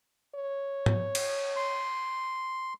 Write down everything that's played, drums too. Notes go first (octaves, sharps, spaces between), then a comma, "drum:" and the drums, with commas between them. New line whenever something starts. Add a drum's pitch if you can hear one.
C#5
drum: tom G#2
drum: cymbal
C6